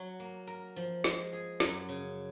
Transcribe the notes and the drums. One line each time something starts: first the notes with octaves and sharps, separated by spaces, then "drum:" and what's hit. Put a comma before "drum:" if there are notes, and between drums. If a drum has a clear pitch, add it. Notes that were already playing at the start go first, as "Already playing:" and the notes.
Already playing: F#3 F#4
A#3
A#4
F3
G#3, drum: snare
G#4
F#2, drum: snare
C#3